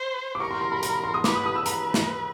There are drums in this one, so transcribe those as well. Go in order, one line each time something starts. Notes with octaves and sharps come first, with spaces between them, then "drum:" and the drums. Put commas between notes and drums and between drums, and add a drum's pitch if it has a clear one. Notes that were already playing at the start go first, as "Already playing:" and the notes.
Already playing: C5
D6
A#4 C#6
C6
C6
B5
A#5, drum: hi-hat
B5
C6
D#6
B4 D6, drum: snare
D#6
D#6
E6
B4 A#5, drum: hi-hat
drum: snare